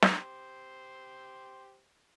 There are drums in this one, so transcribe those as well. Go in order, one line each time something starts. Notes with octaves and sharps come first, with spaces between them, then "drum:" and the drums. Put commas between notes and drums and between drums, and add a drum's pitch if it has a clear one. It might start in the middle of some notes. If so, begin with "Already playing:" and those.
G4 C5, drum: snare